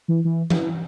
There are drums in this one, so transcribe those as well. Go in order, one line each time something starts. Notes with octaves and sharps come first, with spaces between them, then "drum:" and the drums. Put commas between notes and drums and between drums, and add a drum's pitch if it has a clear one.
E3
E3
E3, drum: tom E3